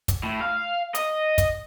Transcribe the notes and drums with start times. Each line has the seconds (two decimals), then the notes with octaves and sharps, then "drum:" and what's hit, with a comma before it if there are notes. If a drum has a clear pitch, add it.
0.08 drum: kick, hi-hat
0.24 A2
0.41 F5
0.95 D#5, drum: hi-hat
1.38 drum: kick, hi-hat